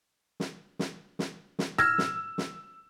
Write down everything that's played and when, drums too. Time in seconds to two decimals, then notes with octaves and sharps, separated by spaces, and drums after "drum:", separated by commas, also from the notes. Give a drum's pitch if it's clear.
0.40 drum: snare
0.79 drum: snare
1.19 drum: snare
1.59 drum: snare
1.78 E6 F6 G#6 A#6, drum: tom
1.98 drum: snare
2.38 drum: snare